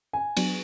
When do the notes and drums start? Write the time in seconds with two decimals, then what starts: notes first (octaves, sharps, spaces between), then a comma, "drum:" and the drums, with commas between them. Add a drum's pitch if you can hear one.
0.13 G#5
0.37 F#3 B3 D4, drum: cymbal